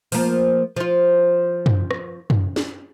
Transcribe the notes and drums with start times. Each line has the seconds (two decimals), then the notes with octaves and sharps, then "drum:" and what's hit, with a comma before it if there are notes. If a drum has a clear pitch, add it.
0.12 F3 A#3, drum: open hi-hat
0.76 F3 F4
1.66 drum: tom F#2
1.91 drum: rim click
2.30 drum: tom F#2
2.56 drum: snare